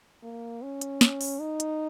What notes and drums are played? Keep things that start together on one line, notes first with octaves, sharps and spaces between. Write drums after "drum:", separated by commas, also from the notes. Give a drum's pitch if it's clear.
A#3
C#4
drum: hi-hat
drum: snare
drum: open hi-hat
D#4
drum: hi-hat